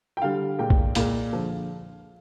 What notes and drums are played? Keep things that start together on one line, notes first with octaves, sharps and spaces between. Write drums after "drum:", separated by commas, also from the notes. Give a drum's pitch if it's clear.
G5
D3 G3 F5
A#2 G#3 G5
drum: kick
A#2 G#3 F5, drum: hi-hat
D3 F3 G#3